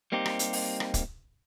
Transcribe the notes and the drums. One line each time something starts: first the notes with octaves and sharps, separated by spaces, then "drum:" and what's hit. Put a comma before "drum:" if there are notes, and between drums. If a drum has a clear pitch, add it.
G3 A#3 C4 D#4 G4
drum: rim click
drum: hi-hat
drum: open hi-hat
drum: rim click
drum: kick, hi-hat